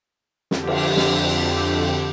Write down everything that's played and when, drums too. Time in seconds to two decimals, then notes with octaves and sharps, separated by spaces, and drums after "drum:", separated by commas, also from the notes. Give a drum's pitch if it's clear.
0.51 F2 D3 G4, drum: snare
0.67 drum: cymbal
0.97 drum: snare